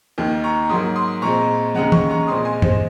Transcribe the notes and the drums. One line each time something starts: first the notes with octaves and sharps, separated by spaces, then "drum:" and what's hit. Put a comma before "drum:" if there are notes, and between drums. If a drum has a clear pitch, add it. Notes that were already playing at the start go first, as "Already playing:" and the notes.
D#2 D#3 A#3
A#5 C#6
G#2 F#3 A#3 C6 D#6
C6 D#6
A#2 G#3 C4 A#5 C#6
D#2 C#3 G#3 F#5 A#5
A#5 C#6, drum: tom E3
A#5 C#6
A#2 G#3 C4 C6 D#6
G#5 C6
C5 D#5, drum: tom G2